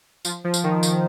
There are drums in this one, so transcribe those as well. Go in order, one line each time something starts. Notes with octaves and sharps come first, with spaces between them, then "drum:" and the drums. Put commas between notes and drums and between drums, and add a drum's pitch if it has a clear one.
F3, drum: tambourine
F3
drum: tambourine
D#3
D#3, drum: tambourine